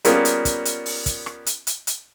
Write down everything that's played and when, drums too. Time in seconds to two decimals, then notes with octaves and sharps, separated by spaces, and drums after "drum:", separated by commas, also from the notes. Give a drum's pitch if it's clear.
0.05 G3 A#3 B3 C#4 F4 G#4, drum: hi-hat
0.25 drum: hi-hat
0.45 drum: kick, hi-hat
0.65 drum: hi-hat
0.86 drum: open hi-hat
1.06 drum: kick, hi-hat
1.26 drum: rim click
1.46 drum: hi-hat
1.67 drum: hi-hat
1.87 drum: hi-hat